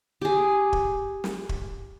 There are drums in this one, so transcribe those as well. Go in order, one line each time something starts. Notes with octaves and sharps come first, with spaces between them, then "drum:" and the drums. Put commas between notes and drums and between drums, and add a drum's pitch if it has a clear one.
G4 G#4
drum: kick
drum: snare
drum: kick